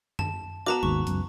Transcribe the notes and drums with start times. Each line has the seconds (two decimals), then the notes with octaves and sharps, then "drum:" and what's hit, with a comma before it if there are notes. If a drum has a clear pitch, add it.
0.19 A5, drum: tom F#2
0.66 B3 F#4 A5 A#5 D6
0.83 G#1 D#2 G#2 C#6
1.07 C#2 F#2, drum: hi-hat